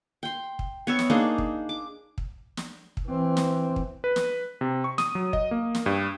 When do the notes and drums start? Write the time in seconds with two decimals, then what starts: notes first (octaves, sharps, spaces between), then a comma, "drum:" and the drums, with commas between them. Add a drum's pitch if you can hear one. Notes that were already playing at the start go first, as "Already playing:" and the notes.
0.23 G5 C6
0.59 drum: kick
0.87 B3 C#5 E5
0.99 drum: snare
1.10 A#3 D4 D#4 G#4
1.38 drum: kick
1.69 D6
2.18 drum: kick
2.57 drum: snare
2.97 drum: kick
3.07 E3 C4
3.37 drum: snare
3.76 drum: kick
4.04 B4
4.16 drum: snare
4.61 C3
4.84 C#6
4.98 D#6, drum: snare
5.15 F#3
5.33 D#5, drum: kick
5.51 A#3
5.75 drum: snare
5.86 G2